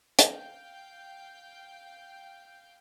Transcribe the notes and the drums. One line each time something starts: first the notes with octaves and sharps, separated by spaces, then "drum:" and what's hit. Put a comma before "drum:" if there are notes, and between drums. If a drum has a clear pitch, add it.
F5 G5 G6, drum: hi-hat